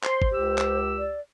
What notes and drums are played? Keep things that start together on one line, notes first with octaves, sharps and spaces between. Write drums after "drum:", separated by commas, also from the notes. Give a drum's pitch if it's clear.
C5 C6, drum: clap
drum: kick G#1
C#2 G4 E6
drum: clap
D5